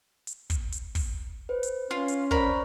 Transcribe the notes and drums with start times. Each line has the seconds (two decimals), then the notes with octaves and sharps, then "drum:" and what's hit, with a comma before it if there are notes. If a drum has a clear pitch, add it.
0.27 drum: hi-hat
0.50 drum: kick, hi-hat
0.72 drum: hi-hat
0.95 drum: kick, open hi-hat
1.49 B4 C5
1.63 drum: hi-hat
1.91 C#4 F4 C6
2.08 drum: hi-hat
2.31 A#4 C5 D5 B5 C#6, drum: kick